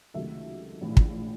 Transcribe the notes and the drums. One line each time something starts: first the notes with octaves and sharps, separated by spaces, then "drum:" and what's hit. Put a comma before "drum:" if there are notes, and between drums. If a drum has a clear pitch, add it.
C#2 C3 D#3 F#3 A3 E5
A#1 A2 E3
drum: kick